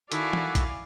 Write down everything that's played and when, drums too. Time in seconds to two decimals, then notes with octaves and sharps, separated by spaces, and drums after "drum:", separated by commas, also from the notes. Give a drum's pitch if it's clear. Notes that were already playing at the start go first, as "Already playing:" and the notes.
0.12 D#3 E4 F#4 A4 D5 F5 G#5, drum: hi-hat
0.33 drum: tom E3
0.55 drum: kick, hi-hat